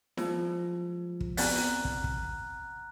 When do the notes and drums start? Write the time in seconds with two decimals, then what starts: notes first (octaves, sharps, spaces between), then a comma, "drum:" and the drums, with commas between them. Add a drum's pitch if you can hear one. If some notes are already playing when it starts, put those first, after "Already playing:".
0.17 F3 G#3, drum: snare E4
1.20 drum: kick
1.37 B3 C4 D5 F#5 A#5 F6 F#6, drum: open hi-hat
1.85 drum: kick
2.04 drum: kick